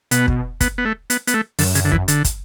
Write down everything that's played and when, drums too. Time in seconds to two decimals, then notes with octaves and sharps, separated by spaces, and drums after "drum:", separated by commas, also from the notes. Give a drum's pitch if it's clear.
0.11 B2 B3, drum: hi-hat
0.28 drum: kick
0.60 B3, drum: kick, hi-hat
0.78 B3
0.85 A3
1.10 B3, drum: hi-hat
1.27 B3, drum: hi-hat
1.34 A3
1.59 F#2 D3, drum: open hi-hat
1.75 C#3, drum: hi-hat
1.85 D3
1.92 E3, drum: kick
2.08 D3, drum: hi-hat
2.24 drum: kick, hi-hat